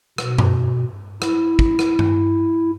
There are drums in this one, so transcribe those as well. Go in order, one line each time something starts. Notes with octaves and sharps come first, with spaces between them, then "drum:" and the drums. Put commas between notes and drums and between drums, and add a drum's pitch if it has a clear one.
B2, drum: rim click
drum: tom F#2
E4, drum: rim click
drum: kick
drum: rim click
drum: tom G2